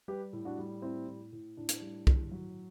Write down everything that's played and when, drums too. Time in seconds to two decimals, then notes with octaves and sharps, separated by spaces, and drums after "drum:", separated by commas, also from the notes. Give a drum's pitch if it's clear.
0.08 G3 G4 B4
0.33 A2
0.45 D4 F#4
0.58 G3
0.82 A2 C4 E4
1.08 A2
1.33 A2
1.57 A2 D4
1.69 drum: hi-hat
1.81 G3
2.07 A2, drum: kick
2.31 F#3